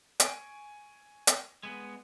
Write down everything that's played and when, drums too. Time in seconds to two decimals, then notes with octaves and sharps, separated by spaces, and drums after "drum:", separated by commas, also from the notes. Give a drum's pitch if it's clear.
0.20 G#5 C#6 D7, drum: hi-hat
1.27 drum: hi-hat
1.63 G#3 B3